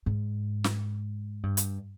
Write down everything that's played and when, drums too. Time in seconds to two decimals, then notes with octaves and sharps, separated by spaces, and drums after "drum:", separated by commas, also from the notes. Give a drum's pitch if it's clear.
0.06 G#2
0.64 drum: snare
1.43 G2
1.57 drum: hi-hat